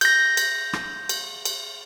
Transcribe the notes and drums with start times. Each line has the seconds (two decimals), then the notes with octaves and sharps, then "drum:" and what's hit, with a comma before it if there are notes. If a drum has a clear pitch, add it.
0.01 G6 A#6, drum: cymbal
0.37 drum: cymbal
0.73 drum: rim click
1.09 drum: cymbal
1.45 drum: cymbal